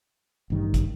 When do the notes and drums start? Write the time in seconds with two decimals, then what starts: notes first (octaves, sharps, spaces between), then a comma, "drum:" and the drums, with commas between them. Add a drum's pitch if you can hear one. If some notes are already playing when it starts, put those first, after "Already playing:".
0.50 A1 G2 D#3 G3
0.74 drum: kick, hi-hat